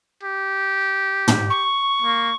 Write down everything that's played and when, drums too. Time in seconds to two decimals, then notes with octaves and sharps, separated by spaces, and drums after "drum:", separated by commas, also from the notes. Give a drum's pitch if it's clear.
0.23 G4
1.28 drum: tom
1.49 C#6
2.02 A#3